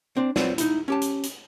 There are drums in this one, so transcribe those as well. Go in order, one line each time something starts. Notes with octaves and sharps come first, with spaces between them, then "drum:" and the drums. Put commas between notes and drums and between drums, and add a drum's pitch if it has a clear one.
C4 D4
F#3 C4 F4 B4 C5 D5, drum: snare
D#4 E4, drum: hi-hat
C#4 G4 A5
drum: hi-hat
drum: hi-hat